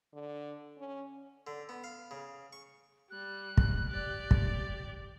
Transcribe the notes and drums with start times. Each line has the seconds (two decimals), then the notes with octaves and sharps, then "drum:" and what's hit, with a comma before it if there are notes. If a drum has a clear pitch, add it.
0.13 D3
0.78 C#4
1.47 D3
1.69 B3
1.84 F5
2.11 C#3
2.53 C#6
3.11 G3 F#6
3.57 drum: kick
3.89 G4 D5
4.31 drum: kick